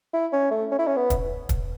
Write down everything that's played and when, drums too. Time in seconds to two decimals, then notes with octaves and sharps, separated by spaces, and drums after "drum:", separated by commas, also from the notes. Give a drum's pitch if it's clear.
0.13 E4
0.32 C#4
0.51 A3
0.71 C#4
0.79 E4
0.87 C#4
0.97 B3
1.10 drum: kick, hi-hat
1.49 drum: kick, hi-hat